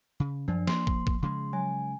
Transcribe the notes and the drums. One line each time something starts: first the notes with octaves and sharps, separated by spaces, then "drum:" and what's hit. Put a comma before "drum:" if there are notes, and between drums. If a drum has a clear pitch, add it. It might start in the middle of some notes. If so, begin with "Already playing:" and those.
C#3
F#2 F3 D4
A#3 C6, drum: snare
drum: kick
drum: kick
C#3 F3 G#3 C6
F#3 G#5